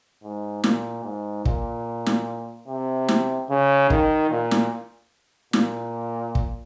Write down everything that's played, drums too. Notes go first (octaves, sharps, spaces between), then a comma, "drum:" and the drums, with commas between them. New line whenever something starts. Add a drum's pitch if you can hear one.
G#2
A#2, drum: snare
G#2
A#2, drum: kick
drum: snare
C3
drum: snare
C#3
D#3, drum: kick
A#2
drum: snare
A#2, drum: snare
drum: kick